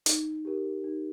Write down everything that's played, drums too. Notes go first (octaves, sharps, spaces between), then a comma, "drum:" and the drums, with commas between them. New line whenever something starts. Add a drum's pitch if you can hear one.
D#4, drum: hi-hat
G4 A#4
D#4